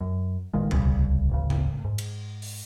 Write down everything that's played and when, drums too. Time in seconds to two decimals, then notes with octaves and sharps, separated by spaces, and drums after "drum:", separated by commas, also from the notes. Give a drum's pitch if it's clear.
0.01 F#2
0.54 A1 A#2 D#3 G#3
0.71 D1 C2 C#3 G3, drum: tom B2
1.29 D1 A1 C#3
1.50 drum: tom G2
1.85 G#2
1.98 drum: cymbal
2.42 drum: open hi-hat